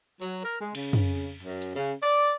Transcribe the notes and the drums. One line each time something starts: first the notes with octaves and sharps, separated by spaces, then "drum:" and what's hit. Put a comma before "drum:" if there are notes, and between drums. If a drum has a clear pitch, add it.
F#3, drum: tambourine
A#4
G#3
C#3, drum: cymbal
drum: tom
F#2
drum: hi-hat
C#3
D5